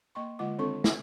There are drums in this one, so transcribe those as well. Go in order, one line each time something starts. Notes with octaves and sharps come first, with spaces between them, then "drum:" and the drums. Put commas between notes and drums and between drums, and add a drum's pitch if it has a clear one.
A#3 D#5 G5 C6 C#6
D3 G#3 F4 D#5 F#5 D6
D#3 C4 D4 A4 C6 C#6
drum: snare